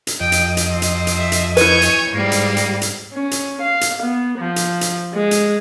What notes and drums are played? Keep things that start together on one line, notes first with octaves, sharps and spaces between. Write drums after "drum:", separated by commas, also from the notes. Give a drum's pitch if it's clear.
drum: hi-hat
F2 D#5 G5
drum: hi-hat
drum: hi-hat
C4
drum: hi-hat
drum: hi-hat
E5
drum: hi-hat
E4 B4 C#5 G#5 C#6 G6, drum: hi-hat
drum: hi-hat
G#2 G3 A#3
drum: hi-hat
drum: hi-hat
drum: hi-hat
C#4
drum: hi-hat
F5
drum: hi-hat
B3
F3
drum: hi-hat
drum: hi-hat
G#3
drum: hi-hat